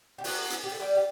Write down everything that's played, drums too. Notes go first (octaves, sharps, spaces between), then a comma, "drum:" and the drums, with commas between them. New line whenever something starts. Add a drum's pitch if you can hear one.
G4
F#3 F#4, drum: open hi-hat
drum: hi-hat
G4
A4
G3 G4
G4